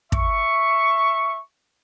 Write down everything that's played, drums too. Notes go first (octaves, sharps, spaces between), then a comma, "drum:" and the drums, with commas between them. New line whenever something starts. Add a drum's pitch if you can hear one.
E5 C#6, drum: kick